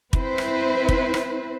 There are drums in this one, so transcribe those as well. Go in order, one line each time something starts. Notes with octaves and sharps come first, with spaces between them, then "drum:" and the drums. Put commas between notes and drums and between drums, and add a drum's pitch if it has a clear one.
C4 E4 B4 C5, drum: kick
drum: rim click
drum: kick
drum: rim click